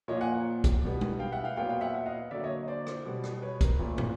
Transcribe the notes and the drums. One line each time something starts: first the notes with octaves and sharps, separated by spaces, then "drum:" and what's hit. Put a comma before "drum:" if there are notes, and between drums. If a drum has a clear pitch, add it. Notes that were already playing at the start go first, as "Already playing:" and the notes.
A#2 F3 A#3 C#5 D#5
F#5 G#5
drum: kick, hi-hat
B2 G3 B3
drum: tom G#3
F5 G5
E5 F#5
F5 G5
A#2 F#3 B3 F5 G5
F5 G5
E5 F#5
E5 F#5
D#5 F5
D3 F#3 A#3 D5 E5
C#5 D#5
D#5
C5 D5
drum: rim click
B2 G3 B3
drum: rim click
B4 C#5
A#4 C5, drum: kick, hi-hat
A#2 F3 A3 B4
drum: tom